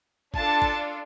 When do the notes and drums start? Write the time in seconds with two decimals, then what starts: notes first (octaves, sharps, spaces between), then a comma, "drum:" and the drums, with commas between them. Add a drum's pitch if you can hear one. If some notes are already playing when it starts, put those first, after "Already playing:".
0.34 D4 F4 A4 A5, drum: kick G#1
0.62 drum: kick G#1